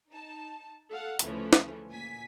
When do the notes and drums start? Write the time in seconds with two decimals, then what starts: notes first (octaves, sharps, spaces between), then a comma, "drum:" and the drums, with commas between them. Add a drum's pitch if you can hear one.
0.10 D#4 A5
0.89 A4 F5 F#5
1.19 D2 C#3 E3 F3 A3 C#4, drum: hi-hat
1.53 drum: snare
1.89 A#2 G#5 B6